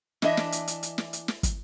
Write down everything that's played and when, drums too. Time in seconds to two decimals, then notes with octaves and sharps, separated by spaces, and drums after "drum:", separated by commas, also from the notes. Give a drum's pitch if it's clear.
0.22 E3 D4 D#5 E5, drum: snare
0.37 drum: snare
0.52 drum: hi-hat
0.68 drum: hi-hat
0.83 drum: hi-hat
0.98 drum: snare
1.13 drum: hi-hat
1.28 drum: snare
1.43 drum: kick, hi-hat